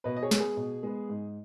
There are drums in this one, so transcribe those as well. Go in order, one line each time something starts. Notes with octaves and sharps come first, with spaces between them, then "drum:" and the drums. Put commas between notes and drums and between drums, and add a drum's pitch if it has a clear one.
B2 B4 D#5
D#5
G#4 C#5
G#3 B3, drum: snare
G#4
B2
G#3 B3
G#2